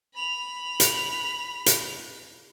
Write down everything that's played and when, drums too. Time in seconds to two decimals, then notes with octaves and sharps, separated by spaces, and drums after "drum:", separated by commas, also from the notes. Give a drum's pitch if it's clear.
0.15 B5 F7
0.80 drum: hi-hat
1.66 drum: hi-hat